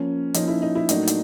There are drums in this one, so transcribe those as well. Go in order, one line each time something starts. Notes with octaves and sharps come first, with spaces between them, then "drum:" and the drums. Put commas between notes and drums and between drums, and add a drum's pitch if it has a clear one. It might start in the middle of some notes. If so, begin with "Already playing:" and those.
Already playing: F3 A#3 C#4
F3 A#3 C#4 D#4, drum: hi-hat
E4
D#4
E4
A2 F#3 A#3 D4 D#4, drum: hi-hat
drum: hi-hat